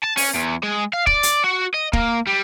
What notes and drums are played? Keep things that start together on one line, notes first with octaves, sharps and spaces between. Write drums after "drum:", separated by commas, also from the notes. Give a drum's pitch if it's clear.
A5
C#4, drum: open hi-hat
E2
G#3
F5
D5, drum: kick
drum: hi-hat
F#4
D#5
A#3, drum: kick
G3